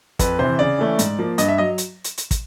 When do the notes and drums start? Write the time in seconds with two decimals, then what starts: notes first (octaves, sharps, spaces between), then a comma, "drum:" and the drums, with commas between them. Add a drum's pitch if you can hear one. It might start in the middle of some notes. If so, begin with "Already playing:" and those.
0.19 F2 B4, drum: kick, hi-hat
0.39 C3 E3 C5
0.59 C#3 D5
0.79 E3 A3 C#4
0.99 G#2, drum: hi-hat
1.19 F3 A#3
1.38 G2 D#5, drum: hi-hat
1.48 E5
1.58 F#3 D#5
1.78 drum: hi-hat
2.04 drum: hi-hat
2.17 drum: hi-hat
2.31 drum: kick, hi-hat